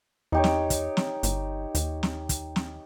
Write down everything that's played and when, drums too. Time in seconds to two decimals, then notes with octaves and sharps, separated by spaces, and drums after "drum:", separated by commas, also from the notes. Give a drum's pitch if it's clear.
0.32 E2 D#4 G4 C#5
0.44 drum: snare
0.70 drum: kick, hi-hat
0.97 drum: snare
1.23 G1, drum: hi-hat
1.75 D#2, drum: hi-hat
2.03 drum: snare
2.29 drum: kick, hi-hat
2.56 drum: snare